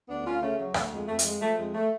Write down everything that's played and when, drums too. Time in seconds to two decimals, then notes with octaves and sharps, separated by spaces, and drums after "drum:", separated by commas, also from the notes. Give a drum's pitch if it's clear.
0.09 D2 B3 D4
0.25 D2 C#4 F4
0.42 C#3 A3 C#4
0.59 F#3
0.74 D2, drum: rim click
0.92 F2 G#3
1.07 F2 A3
1.19 A3, drum: hi-hat
1.24 F3 G#3
1.41 F3 A3
1.58 F2 G#3
1.74 A3